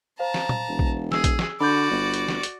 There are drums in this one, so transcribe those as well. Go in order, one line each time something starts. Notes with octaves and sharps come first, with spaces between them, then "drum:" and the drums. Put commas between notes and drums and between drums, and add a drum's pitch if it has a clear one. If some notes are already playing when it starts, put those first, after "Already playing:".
C5 F5 A5 A#5
drum: snare
drum: tom A#2
E1
drum: kick A#1
G#4 E6, drum: snare
drum: kick A#1, hi-hat
drum: snare
D3 F#4 D5 B5 D6 G6
G1
drum: hi-hat
drum: snare
drum: hi-hat